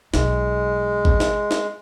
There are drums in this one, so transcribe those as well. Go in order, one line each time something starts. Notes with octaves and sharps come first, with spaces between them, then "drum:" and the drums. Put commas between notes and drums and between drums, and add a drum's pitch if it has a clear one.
B1 G#3, drum: snare
drum: kick A1
drum: snare
drum: snare